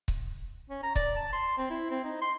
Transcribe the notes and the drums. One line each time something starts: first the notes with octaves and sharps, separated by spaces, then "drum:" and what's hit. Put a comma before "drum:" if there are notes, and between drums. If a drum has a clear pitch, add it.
drum: kick C#1
C#4
A#5
D5, drum: kick C#1
A5
C6
C4
E4
C4
D#4
C6